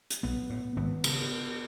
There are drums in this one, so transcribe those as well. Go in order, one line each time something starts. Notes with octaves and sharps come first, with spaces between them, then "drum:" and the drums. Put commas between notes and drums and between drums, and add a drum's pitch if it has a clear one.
drum: hi-hat
B1 B3
A2
G#1 B3
C#3, drum: cymbal